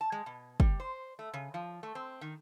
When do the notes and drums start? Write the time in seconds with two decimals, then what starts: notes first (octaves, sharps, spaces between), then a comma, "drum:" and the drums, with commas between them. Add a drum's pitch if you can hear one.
0.01 A5
0.12 G#3
0.26 B2
0.60 G3, drum: kick
0.80 C5
1.19 A3
1.34 C#3
1.54 F3
1.83 A3
1.95 C4
2.21 D#3